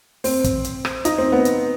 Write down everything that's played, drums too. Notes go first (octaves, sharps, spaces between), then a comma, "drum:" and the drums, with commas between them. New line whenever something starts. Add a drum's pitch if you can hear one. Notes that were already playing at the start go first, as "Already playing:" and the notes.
C4, drum: open hi-hat
drum: kick, hi-hat
drum: hi-hat
drum: rim click
D#4, drum: hi-hat
C4
B3
drum: hi-hat